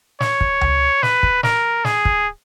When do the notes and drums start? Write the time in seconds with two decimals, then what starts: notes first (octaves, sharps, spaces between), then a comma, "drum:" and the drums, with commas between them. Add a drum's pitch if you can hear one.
0.20 C#5, drum: snare
0.41 drum: kick
0.61 drum: tom C#2
1.03 B4, drum: snare
1.23 drum: kick
1.43 A#4, drum: snare
1.85 G#4, drum: snare
2.05 drum: kick